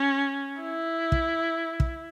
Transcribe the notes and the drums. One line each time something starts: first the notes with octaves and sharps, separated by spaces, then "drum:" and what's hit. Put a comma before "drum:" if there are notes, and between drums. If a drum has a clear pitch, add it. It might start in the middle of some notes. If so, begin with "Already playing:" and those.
Already playing: C#4
E4
drum: kick
drum: kick